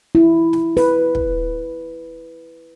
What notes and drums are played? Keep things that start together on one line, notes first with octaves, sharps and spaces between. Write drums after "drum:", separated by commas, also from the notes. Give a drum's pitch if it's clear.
E4
drum: snare
B4, drum: open hi-hat
drum: kick